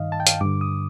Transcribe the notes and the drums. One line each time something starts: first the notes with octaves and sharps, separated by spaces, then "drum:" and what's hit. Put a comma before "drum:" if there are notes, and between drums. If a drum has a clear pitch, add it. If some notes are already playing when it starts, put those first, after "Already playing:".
Already playing: G2 D#3 D#5 F5
A5
G5
F5, drum: hi-hat
G2 D3 D6
D#6